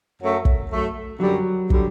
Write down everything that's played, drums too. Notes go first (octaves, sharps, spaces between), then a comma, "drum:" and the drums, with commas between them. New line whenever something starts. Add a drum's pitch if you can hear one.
F#2 F#3 A3
drum: kick
F#2 F#3 A3
F#2 D3 F#3 G3
D3 G3, drum: kick